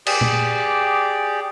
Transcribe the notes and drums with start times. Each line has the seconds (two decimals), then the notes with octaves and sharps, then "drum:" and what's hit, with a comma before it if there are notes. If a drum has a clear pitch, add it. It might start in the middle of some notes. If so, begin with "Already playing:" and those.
0.07 G4 G#4 D5, drum: cymbal
0.21 drum: tom